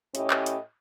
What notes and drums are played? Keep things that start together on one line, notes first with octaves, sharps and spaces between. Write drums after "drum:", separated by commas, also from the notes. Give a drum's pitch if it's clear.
A2 C#4 E4 G4 D#5, drum: hi-hat
drum: clap
drum: hi-hat